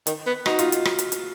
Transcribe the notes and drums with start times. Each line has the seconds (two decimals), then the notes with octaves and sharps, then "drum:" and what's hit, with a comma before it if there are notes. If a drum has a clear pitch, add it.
0.07 D#3, drum: hi-hat
0.27 B3
0.46 D#4 F#4, drum: rim click
0.59 F4, drum: hi-hat
0.72 drum: hi-hat
0.85 drum: rim click
0.99 drum: hi-hat
1.12 drum: hi-hat